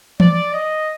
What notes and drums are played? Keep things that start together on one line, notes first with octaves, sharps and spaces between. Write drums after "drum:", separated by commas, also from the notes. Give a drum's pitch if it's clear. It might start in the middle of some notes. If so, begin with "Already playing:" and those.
D5, drum: tom E3
D#5